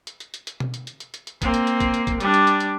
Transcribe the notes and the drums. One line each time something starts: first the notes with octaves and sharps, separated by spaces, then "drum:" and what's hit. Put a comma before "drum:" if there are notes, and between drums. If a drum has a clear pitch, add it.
drum: hi-hat
drum: hi-hat
drum: hi-hat
drum: hi-hat
drum: tom B2
drum: hi-hat
drum: hi-hat
drum: hi-hat
drum: hi-hat
drum: hi-hat
A#3 C4, drum: kick, hi-hat
drum: hi-hat
drum: hi-hat
drum: kick, hi-hat
drum: hi-hat
drum: kick, hi-hat
G3 D4, drum: hi-hat
drum: hi-hat
drum: hi-hat
drum: hi-hat